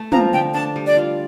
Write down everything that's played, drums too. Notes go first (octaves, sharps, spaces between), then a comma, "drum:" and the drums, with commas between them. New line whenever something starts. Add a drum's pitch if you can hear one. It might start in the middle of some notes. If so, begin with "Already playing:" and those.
Already playing: A3
F3 A#5, drum: tom
D3 G5
D4 A5
G3
D5
F4